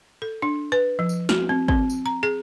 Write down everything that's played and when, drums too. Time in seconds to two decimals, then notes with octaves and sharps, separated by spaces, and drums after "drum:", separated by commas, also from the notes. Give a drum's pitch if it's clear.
0.22 A4
0.42 D4
0.72 B4
0.99 F3
1.09 drum: tambourine
1.29 F#4, drum: snare
1.49 C4
1.68 C4, drum: kick
1.90 drum: tambourine
2.06 A#5
2.23 G#4